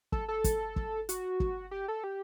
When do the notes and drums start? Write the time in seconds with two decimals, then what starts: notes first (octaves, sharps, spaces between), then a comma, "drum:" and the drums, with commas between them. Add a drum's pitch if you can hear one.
0.12 A4, drum: kick
0.28 A4
0.44 drum: kick, hi-hat
0.76 drum: kick
1.09 F#4, drum: hi-hat
1.40 drum: kick
1.71 G4
1.88 A4
2.04 G4